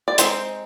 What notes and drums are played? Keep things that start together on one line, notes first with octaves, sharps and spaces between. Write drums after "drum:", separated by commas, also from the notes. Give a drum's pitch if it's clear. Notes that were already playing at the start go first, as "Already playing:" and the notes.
D5
G#3 C4 D#4 C5, drum: hi-hat